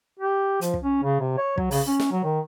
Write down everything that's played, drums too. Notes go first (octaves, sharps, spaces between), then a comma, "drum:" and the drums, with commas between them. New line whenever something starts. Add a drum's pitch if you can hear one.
G4
F3, drum: hi-hat
drum: kick
C#4
C#3
C3
C#5
F#3, drum: kick
C#3, drum: open hi-hat
C#4
drum: snare
F#3
D#3